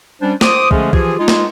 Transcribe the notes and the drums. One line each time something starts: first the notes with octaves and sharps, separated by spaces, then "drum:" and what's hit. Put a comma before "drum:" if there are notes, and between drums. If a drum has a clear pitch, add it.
G3 C#4 D4 C5
C5 D6 D#6, drum: snare
D3 F3 G#3 A3 C#4 G#4, drum: kick
E3 F3 F4 G4 G#4, drum: kick
G#3 D#4 F4
drum: snare